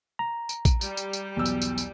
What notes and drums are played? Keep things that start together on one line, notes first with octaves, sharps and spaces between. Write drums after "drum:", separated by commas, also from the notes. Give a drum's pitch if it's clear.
A#5
drum: tambourine
drum: kick A#1, tambourine
G3, drum: tambourine
drum: tambourine
drum: tambourine
B1 E2 E6
drum: tambourine
drum: tambourine
drum: tambourine